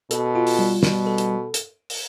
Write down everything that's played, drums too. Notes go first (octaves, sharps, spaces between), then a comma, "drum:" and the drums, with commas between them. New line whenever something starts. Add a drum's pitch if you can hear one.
B2 A4, drum: hi-hat
F4
drum: open hi-hat
G3
B2 G3, drum: snare
A4
drum: hi-hat
drum: hi-hat
drum: open hi-hat